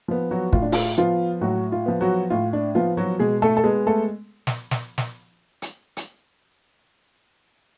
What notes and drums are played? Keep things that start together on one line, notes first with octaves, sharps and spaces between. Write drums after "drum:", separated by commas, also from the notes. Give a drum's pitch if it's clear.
F3 B3
F#3 F#4
A2 F4, drum: kick
D4
F4, drum: open hi-hat
F3 B3 F4
A2 F#3 F#4
F4
F3 B3
F#3 F#4
A2 F4
D4
F3 B3 F4
F#3 F#4
B2 G#3 G#4
A3 A4
A4
G#3 B3 G#4
A3 A4
drum: snare
drum: snare
drum: snare
drum: hi-hat
drum: hi-hat